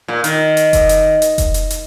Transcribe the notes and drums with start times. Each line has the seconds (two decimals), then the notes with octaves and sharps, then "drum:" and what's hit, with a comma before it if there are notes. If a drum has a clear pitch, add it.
0.08 A#2
0.24 D#3, drum: hi-hat
0.57 drum: hi-hat
0.73 drum: kick F1, hi-hat
0.89 drum: hi-hat
1.22 drum: hi-hat
1.38 drum: kick F1, hi-hat
1.54 drum: hi-hat
1.70 drum: hi-hat